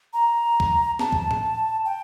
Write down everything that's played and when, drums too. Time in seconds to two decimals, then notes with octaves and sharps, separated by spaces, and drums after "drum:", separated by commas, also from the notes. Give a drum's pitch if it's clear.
0.14 A#5
0.60 drum: kick
0.99 A5, drum: snare
1.12 drum: kick
1.31 drum: tom A2
1.85 G5